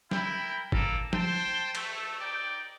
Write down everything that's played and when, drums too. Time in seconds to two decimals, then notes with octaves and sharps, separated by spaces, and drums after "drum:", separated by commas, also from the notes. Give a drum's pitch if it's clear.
0.11 E4 A#4 G5 B5, drum: snare
0.72 A#3 A4 A#4 D5, drum: kick
1.13 C5 G5 A5, drum: tom F3
1.75 A3, drum: cymbal
2.19 D#4 D5 G5